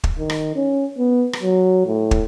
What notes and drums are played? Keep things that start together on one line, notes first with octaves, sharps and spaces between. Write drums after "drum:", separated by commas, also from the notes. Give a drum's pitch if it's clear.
drum: kick
D#3
drum: rim click
C#4
B3
drum: rim click
F#3
A2
drum: kick